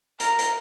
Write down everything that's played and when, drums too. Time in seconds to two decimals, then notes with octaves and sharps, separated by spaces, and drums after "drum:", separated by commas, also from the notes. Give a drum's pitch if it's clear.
0.20 A#4, drum: hi-hat
0.39 drum: hi-hat